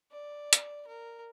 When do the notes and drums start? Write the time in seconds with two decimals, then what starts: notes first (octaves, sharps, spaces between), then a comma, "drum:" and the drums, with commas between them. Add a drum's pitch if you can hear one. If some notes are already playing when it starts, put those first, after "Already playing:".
0.12 D5
0.53 drum: hi-hat
0.87 A#4